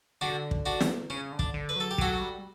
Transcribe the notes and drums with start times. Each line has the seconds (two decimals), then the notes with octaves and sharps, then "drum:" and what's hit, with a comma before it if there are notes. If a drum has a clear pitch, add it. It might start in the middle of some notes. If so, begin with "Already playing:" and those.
0.21 D3 D4 F#4
0.51 drum: kick
0.66 D4 F#4
0.81 drum: snare
1.10 C#3 C#4
1.32 D3
1.39 D4, drum: kick
1.54 D3
1.69 B4
1.76 F#3 A4
1.91 G4
1.98 F#3 F#4 A4, drum: kick
2.21 G3